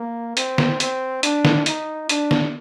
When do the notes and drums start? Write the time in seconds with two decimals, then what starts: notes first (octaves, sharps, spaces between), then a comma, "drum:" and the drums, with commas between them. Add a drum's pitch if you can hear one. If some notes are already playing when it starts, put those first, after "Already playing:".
Already playing: A#3
0.37 C4, drum: hi-hat
0.58 drum: snare
0.80 C4, drum: hi-hat
1.23 D4, drum: hi-hat
1.45 drum: snare
1.66 D#4, drum: hi-hat
2.09 D4, drum: hi-hat
2.31 drum: snare